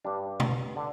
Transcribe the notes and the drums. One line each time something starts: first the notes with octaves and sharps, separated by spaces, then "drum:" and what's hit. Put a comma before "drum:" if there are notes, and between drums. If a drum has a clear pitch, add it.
G2 G3 D4
drum: tom B2
D3